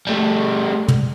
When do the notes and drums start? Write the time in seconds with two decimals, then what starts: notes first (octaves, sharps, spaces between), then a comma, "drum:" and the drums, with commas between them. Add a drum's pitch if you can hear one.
0.07 G3 A3
0.88 drum: tom